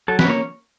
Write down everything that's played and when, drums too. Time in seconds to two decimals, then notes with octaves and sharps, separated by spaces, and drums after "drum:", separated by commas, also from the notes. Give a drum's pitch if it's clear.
0.08 F#3 A4
0.19 B4, drum: snare
0.25 A#3 C#4 C#5